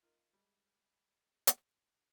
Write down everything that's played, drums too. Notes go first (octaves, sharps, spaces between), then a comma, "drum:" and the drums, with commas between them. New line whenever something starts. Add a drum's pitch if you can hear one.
D#4 F4 A#4
G3 G#3
drum: hi-hat